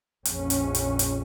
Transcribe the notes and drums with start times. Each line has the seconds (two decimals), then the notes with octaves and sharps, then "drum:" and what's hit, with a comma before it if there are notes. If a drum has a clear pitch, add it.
0.25 A#1 F2 C#4, drum: hi-hat
0.50 drum: hi-hat
0.75 drum: hi-hat
0.99 drum: hi-hat